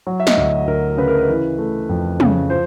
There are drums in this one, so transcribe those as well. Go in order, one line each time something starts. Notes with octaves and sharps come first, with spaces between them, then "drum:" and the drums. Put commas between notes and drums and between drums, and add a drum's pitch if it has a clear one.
F#3
E5
D#5, drum: snare
D2
D2 A#4
C#3 B4
A#4
B4
E3
A3
F2
C#3, drum: tom
F3 C5